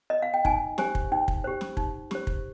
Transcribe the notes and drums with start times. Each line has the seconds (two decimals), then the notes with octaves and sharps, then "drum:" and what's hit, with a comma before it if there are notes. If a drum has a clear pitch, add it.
0.10 D#5
0.22 F5
0.34 G5
0.45 D#4 G#5, drum: kick
0.78 G4 C5 G#5, drum: snare
0.95 drum: kick
1.12 D#4 G5
1.28 drum: kick
1.44 G4 C5
1.61 drum: snare
1.77 D#4, drum: kick
2.11 G4 C5, drum: snare
2.27 drum: kick